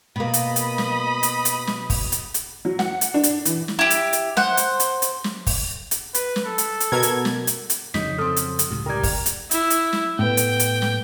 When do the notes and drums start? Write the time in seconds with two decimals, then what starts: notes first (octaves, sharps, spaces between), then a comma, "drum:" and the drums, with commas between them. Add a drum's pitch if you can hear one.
0.16 B2 A#3 D#5 B5
0.34 drum: hi-hat
0.56 drum: hi-hat
0.78 drum: snare
1.23 drum: hi-hat
1.45 drum: hi-hat
1.67 drum: snare
1.90 drum: kick, open hi-hat
2.12 drum: hi-hat
2.34 drum: hi-hat
2.65 F#3
2.79 F#5, drum: snare
3.01 drum: hi-hat
3.14 D4
3.23 drum: hi-hat
3.45 E3, drum: hi-hat
3.68 drum: snare
3.79 E4 G4
3.90 drum: hi-hat
4.13 drum: hi-hat
4.37 C5 F#5, drum: snare
4.57 drum: hi-hat
4.80 drum: hi-hat
5.02 drum: hi-hat
5.24 drum: snare
5.47 drum: kick, open hi-hat
5.91 drum: hi-hat
6.14 B4, drum: hi-hat
6.36 drum: snare
6.46 A4
6.58 drum: hi-hat
6.80 drum: hi-hat
6.92 B2 A#4 G#6
7.03 drum: hi-hat
7.25 drum: snare
7.47 drum: hi-hat
7.70 drum: hi-hat
7.94 F2 C#3 F#3 D#4 B6, drum: snare
8.18 C4 A4 D#6 F6
8.36 drum: hi-hat
8.59 drum: hi-hat
8.71 C#2 A2 C3
8.86 G3 A#4 G5 A#5 G#6
9.03 drum: kick, open hi-hat
9.26 drum: hi-hat
9.51 E4, drum: hi-hat
9.70 drum: hi-hat
9.93 drum: snare
10.19 A2 B3 G5
10.37 drum: hi-hat
10.60 drum: hi-hat
10.82 drum: snare